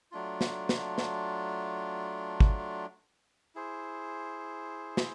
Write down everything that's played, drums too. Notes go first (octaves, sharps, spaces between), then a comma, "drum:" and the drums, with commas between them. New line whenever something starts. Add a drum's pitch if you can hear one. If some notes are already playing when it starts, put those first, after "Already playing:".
F#3 A3 D4 F4
drum: snare
drum: snare
drum: snare
drum: kick
E4 G#4 C5
drum: snare